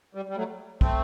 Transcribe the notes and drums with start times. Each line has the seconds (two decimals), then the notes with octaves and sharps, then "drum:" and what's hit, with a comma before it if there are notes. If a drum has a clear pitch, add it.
0.15 G3
0.29 G3
0.37 F#3 A3
0.81 A3 C4, drum: kick